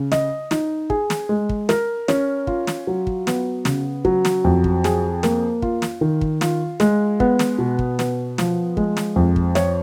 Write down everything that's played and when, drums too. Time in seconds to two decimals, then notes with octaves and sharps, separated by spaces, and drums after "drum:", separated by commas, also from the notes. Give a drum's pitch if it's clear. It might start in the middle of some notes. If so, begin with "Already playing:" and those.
Already playing: C#3
0.12 D#5, drum: snare
0.51 D#4, drum: snare
0.90 G#4, drum: kick
1.10 drum: snare
1.29 G#3
1.49 drum: kick
1.69 A#4, drum: snare
2.08 C#4, drum: snare
2.47 F4, drum: kick
2.67 drum: snare
2.87 F#3
3.07 drum: kick
3.27 B3, drum: snare
3.65 C#3, drum: snare
4.05 F#3, drum: kick
4.25 drum: snare
4.44 F2
4.64 drum: kick
4.84 G#4, drum: snare
5.23 A#3, drum: snare
5.62 F4, drum: kick
5.82 drum: snare
6.01 D#3
6.21 drum: kick
6.41 F4, drum: snare
6.80 G#3, drum: snare
7.20 B3, drum: kick
7.39 drum: snare
7.58 B2
7.79 drum: kick
7.99 B3, drum: snare
8.38 F3, drum: snare
8.77 G#3, drum: kick
8.97 drum: snare
9.16 F2
9.36 drum: kick
9.55 C#5, drum: snare